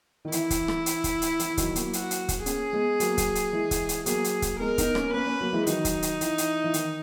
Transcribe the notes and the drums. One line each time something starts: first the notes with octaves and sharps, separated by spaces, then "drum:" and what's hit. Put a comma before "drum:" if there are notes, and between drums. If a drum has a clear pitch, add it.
D#3
E3 E4, drum: hi-hat
drum: kick, hi-hat
drum: rim click
drum: hi-hat
drum: kick, hi-hat
drum: hi-hat
E3, drum: hi-hat
D#3 F#3, drum: kick, hi-hat
F#3 A#3, drum: hi-hat
F#4, drum: hi-hat
drum: hi-hat
drum: kick, hi-hat
A#3 C#4 G#4, drum: hi-hat
G#3 B3
F#3 A#3, drum: hi-hat
drum: kick, hi-hat
drum: hi-hat
E3 G#3
drum: kick, hi-hat
drum: hi-hat
F#3 A#3 G#4, drum: hi-hat
drum: hi-hat
drum: kick, hi-hat
G#3 B3 A#4
B3 D#4, drum: kick, hi-hat
A#3 C#4, drum: rim click
A#3 C#4 B4
A#3 C#4
F#3 A#3
E3 G#3
D#3 F#3 D#4, drum: hi-hat
drum: kick, hi-hat
drum: hi-hat
E3, drum: hi-hat
drum: hi-hat
E3
D#3, drum: hi-hat